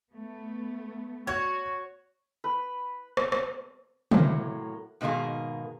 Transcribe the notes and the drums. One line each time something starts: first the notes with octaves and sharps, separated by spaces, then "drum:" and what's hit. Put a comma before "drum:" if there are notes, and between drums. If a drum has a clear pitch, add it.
A3 B3
F#4 C#5 G#6
B4
drum: rim click
drum: rim click
A2 C3 F#3 A#3, drum: tom
G#2 B2 D#3 A#3 G#4